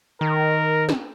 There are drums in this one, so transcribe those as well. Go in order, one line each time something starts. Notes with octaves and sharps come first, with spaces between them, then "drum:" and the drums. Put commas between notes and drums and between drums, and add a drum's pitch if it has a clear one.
D#3 A#4
drum: snare